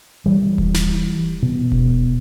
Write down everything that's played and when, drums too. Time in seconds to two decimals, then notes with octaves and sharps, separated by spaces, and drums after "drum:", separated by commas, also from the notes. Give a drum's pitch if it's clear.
0.26 E3 G3
0.58 drum: kick D#1
0.74 drum: snare
1.43 B2
1.72 drum: kick D#1